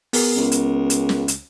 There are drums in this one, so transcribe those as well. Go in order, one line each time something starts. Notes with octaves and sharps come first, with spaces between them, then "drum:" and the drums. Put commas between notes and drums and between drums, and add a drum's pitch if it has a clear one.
B3 G#4 A#4, drum: open hi-hat
C#2
drum: hi-hat
drum: hi-hat
drum: snare
drum: hi-hat